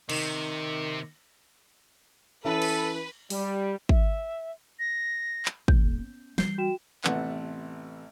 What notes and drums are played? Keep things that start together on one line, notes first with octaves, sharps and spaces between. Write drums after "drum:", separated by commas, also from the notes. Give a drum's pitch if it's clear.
C3 D#3, drum: cymbal
E3 C#4 E4 A4 B4
drum: cymbal
G3, drum: open hi-hat
E5, drum: kick
A#6
drum: clap
B2 A3 G6, drum: kick
D#1
B3 C#4
E3 G3 G6 C7 G7, drum: snare
F#4 G5 E7
A1 C3 A3 B3 F#5, drum: clap